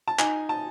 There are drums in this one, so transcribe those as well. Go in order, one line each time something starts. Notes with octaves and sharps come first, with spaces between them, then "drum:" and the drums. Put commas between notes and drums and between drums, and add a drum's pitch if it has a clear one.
A5
D#4 G#5, drum: clap
A5